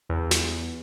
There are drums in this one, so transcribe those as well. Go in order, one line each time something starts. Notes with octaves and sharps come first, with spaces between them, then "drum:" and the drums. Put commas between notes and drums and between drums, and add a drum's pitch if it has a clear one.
E2
drum: snare